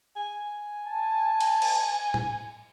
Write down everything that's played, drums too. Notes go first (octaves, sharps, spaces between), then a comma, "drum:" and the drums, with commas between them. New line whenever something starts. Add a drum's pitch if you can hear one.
G#5
A5
drum: cymbal
drum: cymbal
drum: tom A2